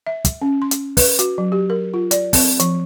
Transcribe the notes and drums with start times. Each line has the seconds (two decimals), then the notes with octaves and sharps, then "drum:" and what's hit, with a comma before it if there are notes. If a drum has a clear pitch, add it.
0.07 E5
0.25 drum: kick, hi-hat
0.42 C#4
0.62 C6
0.71 drum: hi-hat
0.97 B4, drum: kick, open hi-hat
1.19 F#4, drum: hi-hat
1.38 F#3
1.52 G4
1.70 A#4
1.94 F4
2.11 D5, drum: hi-hat
2.33 C4, drum: kick, open hi-hat
2.60 F3, drum: hi-hat